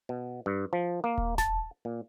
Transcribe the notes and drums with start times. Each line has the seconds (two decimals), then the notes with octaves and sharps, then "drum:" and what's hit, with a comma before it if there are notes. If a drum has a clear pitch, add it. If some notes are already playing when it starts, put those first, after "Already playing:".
0.09 B2
0.46 G2
0.73 F3
1.04 A#3
1.18 drum: kick D#1
1.38 A5, drum: snare F1
1.85 A#2